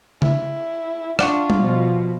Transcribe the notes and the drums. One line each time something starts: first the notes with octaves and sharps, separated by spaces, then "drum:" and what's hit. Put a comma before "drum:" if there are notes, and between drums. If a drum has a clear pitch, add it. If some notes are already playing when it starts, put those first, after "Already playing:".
E4, drum: tom C#3
D4 F4 D5 F#5 C#6, drum: rim click
drum: tom G3
B2 F3